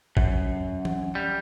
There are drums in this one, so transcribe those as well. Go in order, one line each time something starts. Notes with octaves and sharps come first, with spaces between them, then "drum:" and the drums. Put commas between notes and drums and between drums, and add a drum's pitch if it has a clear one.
F#2, drum: kick
drum: tom
G3